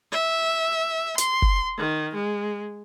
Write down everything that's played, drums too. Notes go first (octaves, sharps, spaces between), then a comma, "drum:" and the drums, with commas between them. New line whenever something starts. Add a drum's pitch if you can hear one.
E5
C6, drum: hi-hat
drum: kick
D#3
G#3